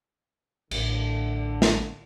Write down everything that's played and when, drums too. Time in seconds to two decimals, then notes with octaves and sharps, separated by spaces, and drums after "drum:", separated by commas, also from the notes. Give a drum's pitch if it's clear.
0.71 A1 A2 D3, drum: cymbal
1.62 drum: snare